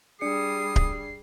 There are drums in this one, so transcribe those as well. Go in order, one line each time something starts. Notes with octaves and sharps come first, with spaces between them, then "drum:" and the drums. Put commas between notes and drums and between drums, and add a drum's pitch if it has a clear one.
G3 D4 G#4 D5 D#6 C7 C#7
drum: kick D1